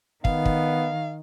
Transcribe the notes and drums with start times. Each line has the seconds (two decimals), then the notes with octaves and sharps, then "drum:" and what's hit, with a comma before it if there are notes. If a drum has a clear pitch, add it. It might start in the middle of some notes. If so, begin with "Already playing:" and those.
0.25 D#3 B3 F5, drum: kick
0.45 drum: kick